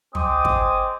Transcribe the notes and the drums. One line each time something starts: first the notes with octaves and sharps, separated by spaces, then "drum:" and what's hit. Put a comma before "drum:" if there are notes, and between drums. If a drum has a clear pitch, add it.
G#3 C4 C5 D6 D#6, drum: tom
drum: kick